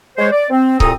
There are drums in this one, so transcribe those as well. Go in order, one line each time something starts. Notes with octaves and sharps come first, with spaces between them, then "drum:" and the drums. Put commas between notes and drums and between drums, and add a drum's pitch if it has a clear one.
G#3 C5 C#5
D5
C4
C2 A#2 C4 A4 A#5 D#6, drum: kick